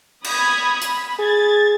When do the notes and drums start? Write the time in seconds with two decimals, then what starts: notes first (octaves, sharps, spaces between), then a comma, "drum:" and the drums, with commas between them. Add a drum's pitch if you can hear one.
0.24 B5 D#6 G#6, drum: cymbal
0.81 B5, drum: hi-hat
1.19 G#4 G#6 A6